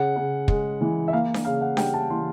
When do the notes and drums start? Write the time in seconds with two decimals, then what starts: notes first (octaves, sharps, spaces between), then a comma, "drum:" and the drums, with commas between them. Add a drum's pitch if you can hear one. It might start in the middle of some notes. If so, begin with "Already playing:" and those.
Already playing: C#3 F#5
0.16 C#3
0.48 G#3, drum: kick
0.81 E3
1.08 E5
1.13 A#3 F5
1.34 drum: snare D4
1.45 C#3 F5
1.61 F#5
1.77 G3 G5, drum: snare D4
1.94 A5
2.10 E3 C6